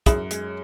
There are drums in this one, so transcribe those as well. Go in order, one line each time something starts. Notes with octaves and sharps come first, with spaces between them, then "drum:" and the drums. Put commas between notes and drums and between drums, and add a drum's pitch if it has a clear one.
F#2 E4 G#4, drum: kick, hi-hat
G#3, drum: hi-hat